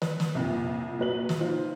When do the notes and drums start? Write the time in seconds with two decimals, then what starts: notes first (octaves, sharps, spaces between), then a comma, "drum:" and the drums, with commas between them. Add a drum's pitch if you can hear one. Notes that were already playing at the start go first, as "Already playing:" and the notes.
0.02 B4, drum: snare
0.20 drum: snare
0.35 C2 F2 A#2
0.98 A#1 F#3 B4 F#7
1.29 drum: snare
1.40 D#4 F4 C5